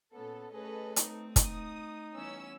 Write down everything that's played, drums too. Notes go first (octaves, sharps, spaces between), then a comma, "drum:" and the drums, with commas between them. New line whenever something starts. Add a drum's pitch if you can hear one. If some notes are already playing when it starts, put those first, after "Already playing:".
A#2 B3 C#4 A4
A3 C#4 G#4 A4 B4 C#5 D#5
A3 C4 D#4, drum: hi-hat
D#4 D#6, drum: kick, hi-hat
E3 G3 B3 C#4 E6